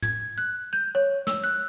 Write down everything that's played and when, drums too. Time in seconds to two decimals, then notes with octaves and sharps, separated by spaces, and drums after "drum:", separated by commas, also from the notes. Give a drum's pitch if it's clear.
0.02 G#6, drum: tom
0.38 F#6
0.73 G6
0.95 C#5
1.27 E6, drum: snare
1.44 F#6